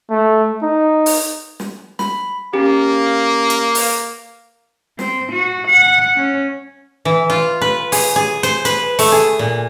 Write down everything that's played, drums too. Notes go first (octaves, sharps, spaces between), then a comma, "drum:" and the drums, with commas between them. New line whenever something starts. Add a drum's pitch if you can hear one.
A3
D#4
drum: open hi-hat
drum: snare
B5, drum: snare
A#3 C#4 G4
drum: hi-hat
drum: open hi-hat
C4, drum: snare
F#4
F#5
C#4
E3
F4
B4
G#4, drum: open hi-hat
G#4
C5, drum: hi-hat
B4, drum: hi-hat
A3, drum: open hi-hat
G#4
A#2